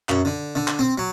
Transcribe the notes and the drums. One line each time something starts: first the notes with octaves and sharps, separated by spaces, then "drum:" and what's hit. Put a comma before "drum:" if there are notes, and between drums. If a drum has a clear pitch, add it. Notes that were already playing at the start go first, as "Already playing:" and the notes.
F#2, drum: clap
D3
D3
drum: clap
C4
F#3